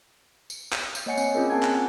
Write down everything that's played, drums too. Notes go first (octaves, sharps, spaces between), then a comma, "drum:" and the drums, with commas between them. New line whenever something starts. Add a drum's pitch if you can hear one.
drum: tambourine
drum: clap
drum: tambourine
A#3 C#5 D#5 F#5 G#5 C#7
C4, drum: tambourine
A#3 C4 C#4 F4 G#4 A#4
C4 C#4 F#5 G#5 A5 G#6
drum: clap